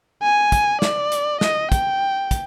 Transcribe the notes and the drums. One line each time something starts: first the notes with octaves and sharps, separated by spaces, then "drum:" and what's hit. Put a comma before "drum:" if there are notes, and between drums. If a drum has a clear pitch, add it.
G#5
drum: kick, hi-hat
D5, drum: snare
drum: hi-hat
D#5, drum: snare
G5, drum: kick, hi-hat
drum: kick, hi-hat